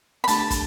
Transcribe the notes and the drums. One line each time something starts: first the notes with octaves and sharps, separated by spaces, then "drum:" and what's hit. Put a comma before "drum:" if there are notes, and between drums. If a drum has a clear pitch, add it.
B5
A3 D4 G4 A5, drum: hi-hat
drum: kick, hi-hat